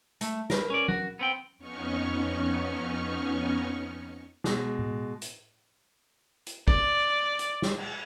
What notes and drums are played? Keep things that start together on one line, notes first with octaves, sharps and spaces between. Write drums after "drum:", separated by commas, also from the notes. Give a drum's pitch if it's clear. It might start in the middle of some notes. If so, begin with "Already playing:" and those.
A3, drum: hi-hat
A#4 B4, drum: snare
C#4 D5
F#4, drum: tom F#3
B3 C4 G5
F2 B3 C#4 D#4 C#6 F6
B2 G#3, drum: snare
drum: tom A2
drum: hi-hat
drum: hi-hat
D5, drum: kick G#1
drum: hi-hat
drum: snare
drum: cymbal